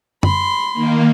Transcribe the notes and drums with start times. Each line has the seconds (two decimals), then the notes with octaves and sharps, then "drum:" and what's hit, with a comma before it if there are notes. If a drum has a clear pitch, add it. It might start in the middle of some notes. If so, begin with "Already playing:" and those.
0.23 B5 C6, drum: tom F#2
0.73 D#3 A#3